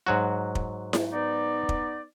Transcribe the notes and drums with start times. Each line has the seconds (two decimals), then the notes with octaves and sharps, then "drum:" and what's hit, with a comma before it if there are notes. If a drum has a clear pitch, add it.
0.07 G#2 F#3 F#4
0.55 drum: kick
0.93 drum: snare E4
1.12 B3 D#4 D5
1.69 drum: kick